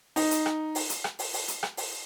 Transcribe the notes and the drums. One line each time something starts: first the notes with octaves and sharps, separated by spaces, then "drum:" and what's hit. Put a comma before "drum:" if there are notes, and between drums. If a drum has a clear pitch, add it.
D#4, drum: open hi-hat
drum: hi-hat
drum: rim click
drum: open hi-hat
drum: hi-hat
drum: rim click
drum: open hi-hat
drum: open hi-hat
drum: hi-hat
drum: rim click
drum: open hi-hat